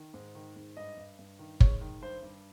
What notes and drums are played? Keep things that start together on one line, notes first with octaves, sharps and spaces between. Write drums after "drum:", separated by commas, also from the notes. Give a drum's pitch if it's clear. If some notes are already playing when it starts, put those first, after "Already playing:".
Already playing: D#3
G#2
D#3
G#2
G2 D#5
G2
G2
D#3
G#3 C#5, drum: kick
D#3
G2 C5
G2